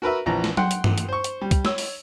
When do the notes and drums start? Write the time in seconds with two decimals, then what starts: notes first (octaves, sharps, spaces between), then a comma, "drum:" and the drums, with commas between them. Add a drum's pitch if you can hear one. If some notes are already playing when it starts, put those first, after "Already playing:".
0.02 F#4 A#4 B4 E5
0.26 A#1 E3 F3 A#5
0.44 drum: snare
0.57 F#5 G5 C6, drum: tom F#3
0.71 drum: hi-hat
0.84 drum: tom
0.98 drum: hi-hat
1.09 C5 C#6
1.24 drum: hi-hat
1.41 G3
1.51 drum: kick, hi-hat
1.65 C#5 E6, drum: snare
1.78 drum: open hi-hat